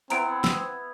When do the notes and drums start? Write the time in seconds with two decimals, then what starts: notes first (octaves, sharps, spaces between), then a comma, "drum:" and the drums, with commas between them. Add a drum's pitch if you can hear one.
0.10 B3 C4 E4 F#5 A#5 D7, drum: hi-hat
0.44 E6, drum: snare